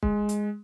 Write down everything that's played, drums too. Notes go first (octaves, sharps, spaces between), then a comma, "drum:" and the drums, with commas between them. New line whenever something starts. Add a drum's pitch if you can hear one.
G#3, drum: kick
drum: hi-hat